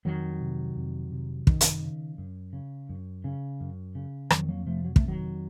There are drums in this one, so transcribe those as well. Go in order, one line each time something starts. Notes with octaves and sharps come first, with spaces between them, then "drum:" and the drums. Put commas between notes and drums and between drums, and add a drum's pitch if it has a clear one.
F2 D#3 F#3
C3
F2
C3
F#2 D#3, drum: kick
drum: hi-hat
C#3
F#2
C#3
F#2
C#3
F#2
C#3
F2 D#3 F#3, drum: rim click
F#3 A#3
C3 F3 A3
F#3
A3, drum: kick
F2
D#3 F#3